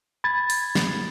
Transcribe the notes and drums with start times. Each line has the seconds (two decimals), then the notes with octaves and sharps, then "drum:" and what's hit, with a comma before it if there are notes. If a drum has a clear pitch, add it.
0.24 B5 G#6 A6
0.50 drum: open hi-hat
0.75 drum: snare